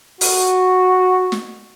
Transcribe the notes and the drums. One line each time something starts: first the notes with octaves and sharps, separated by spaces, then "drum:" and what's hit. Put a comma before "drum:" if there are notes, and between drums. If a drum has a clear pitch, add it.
F#4, drum: open hi-hat
drum: snare